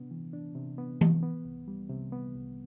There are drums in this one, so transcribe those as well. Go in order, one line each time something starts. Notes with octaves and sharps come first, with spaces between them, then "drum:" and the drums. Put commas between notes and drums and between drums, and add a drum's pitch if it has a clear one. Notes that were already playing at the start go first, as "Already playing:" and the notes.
Already playing: C3 B3 D4
E3
D4
C3
B3
E3, drum: tom E3
B3
C2
G3
C3
B3
C2